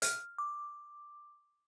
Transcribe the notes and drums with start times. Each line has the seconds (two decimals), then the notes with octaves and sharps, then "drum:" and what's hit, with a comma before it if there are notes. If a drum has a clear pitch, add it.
0.02 F6, drum: hi-hat
0.38 D6